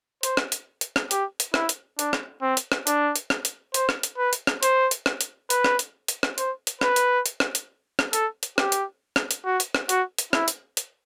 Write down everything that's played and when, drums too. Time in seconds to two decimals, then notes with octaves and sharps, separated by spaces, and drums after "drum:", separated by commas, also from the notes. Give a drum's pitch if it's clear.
0.23 C5, drum: hi-hat
0.37 drum: rim click
0.52 drum: hi-hat
0.81 drum: hi-hat
0.96 drum: rim click
1.11 G4, drum: hi-hat
1.40 drum: hi-hat
1.54 E4, drum: rim click
1.69 drum: hi-hat
1.99 D4, drum: hi-hat
2.13 drum: rim click
2.42 C4
2.57 drum: hi-hat
2.72 drum: rim click
2.87 D4, drum: hi-hat
3.16 drum: hi-hat
3.30 drum: rim click
3.45 drum: hi-hat
3.74 C5, drum: hi-hat
3.89 drum: rim click
4.03 drum: hi-hat
4.18 B4
4.33 drum: hi-hat
4.47 drum: rim click
4.63 C5, drum: hi-hat
4.91 drum: hi-hat
5.06 drum: rim click
5.21 drum: hi-hat
5.50 B4, drum: hi-hat
5.64 drum: rim click
5.79 drum: hi-hat
6.08 drum: hi-hat
6.23 drum: rim click
6.38 C5, drum: hi-hat
6.67 drum: hi-hat
6.81 B4, drum: rim click
6.96 drum: hi-hat
7.26 drum: hi-hat
7.40 drum: rim click
7.55 drum: hi-hat
7.99 drum: rim click
8.13 A4, drum: hi-hat
8.43 drum: hi-hat
8.58 G4, drum: rim click
8.72 drum: hi-hat
9.16 drum: rim click
9.31 drum: hi-hat
9.45 F#4
9.60 drum: hi-hat
9.75 drum: rim click
9.89 F#4, drum: hi-hat
10.18 drum: hi-hat
10.33 E4, drum: rim click
10.48 drum: hi-hat
10.77 drum: hi-hat